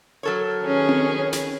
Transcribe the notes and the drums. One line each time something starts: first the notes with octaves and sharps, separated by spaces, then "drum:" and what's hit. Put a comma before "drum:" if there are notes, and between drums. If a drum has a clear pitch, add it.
F#3 A4 A#4 C#5
D#3 C#4 G#4 B4
drum: tom C4
drum: snare